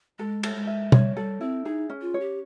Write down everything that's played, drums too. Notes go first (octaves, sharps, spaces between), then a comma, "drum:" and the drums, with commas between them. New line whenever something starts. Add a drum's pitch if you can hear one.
G#3 A4
A4, drum: cymbal
G#3
E5
G3 C#5, drum: tom
G3 A4
C4 E4
D#4 G#4
C#4
F4
C#5
G4